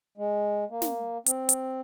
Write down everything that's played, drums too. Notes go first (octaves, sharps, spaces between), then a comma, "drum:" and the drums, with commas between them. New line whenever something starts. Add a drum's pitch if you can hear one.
G#3
A#3
drum: snare
C4, drum: hi-hat
drum: hi-hat